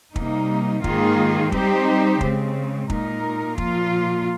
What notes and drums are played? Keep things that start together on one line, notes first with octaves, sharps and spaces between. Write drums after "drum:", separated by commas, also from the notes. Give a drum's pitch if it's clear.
C3 G3 A#3 D#4, drum: kick
G#2 D#3 A#3 F4 G#4, drum: kick
G3 C4 D#4 G4 C5, drum: kick
C#3 G#3 C4, drum: kick
A#2 G#3 D#4 A#4, drum: kick
A#2 F3 A#3 F4, drum: kick